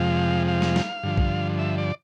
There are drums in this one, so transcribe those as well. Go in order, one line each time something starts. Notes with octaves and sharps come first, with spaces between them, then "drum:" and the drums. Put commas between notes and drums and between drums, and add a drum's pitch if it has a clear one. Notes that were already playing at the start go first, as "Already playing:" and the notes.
Already playing: F2 C3 F3 G#3 F5
F5
drum: snare
drum: snare
G2 D3 F3
drum: kick B1
E5
D5